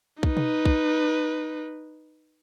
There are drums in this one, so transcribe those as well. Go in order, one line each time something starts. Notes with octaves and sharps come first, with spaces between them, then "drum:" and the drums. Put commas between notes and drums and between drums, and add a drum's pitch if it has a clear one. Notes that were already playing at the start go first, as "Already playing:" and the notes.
D#4 B4, drum: kick
drum: tom B2
drum: kick